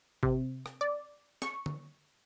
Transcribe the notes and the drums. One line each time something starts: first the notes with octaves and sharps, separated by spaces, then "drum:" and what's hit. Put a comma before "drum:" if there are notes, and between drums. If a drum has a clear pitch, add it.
C3, drum: kick G1
drum: rim click
D5
C#6, drum: snare
drum: tom D3